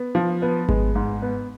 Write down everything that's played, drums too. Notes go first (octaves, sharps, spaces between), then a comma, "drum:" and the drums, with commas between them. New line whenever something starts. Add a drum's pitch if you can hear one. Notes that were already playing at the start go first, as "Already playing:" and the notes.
Already playing: B3
F3
B3
G#3, drum: kick G#1
G#2
B3